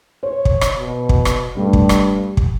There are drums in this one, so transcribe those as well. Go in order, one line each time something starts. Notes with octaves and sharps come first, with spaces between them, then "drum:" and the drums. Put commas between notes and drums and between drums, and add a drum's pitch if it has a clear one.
C5 C#5
drum: kick
drum: rim click
B2
drum: kick
drum: rim click
G2 G3 A3
drum: kick
drum: rim click
drum: kick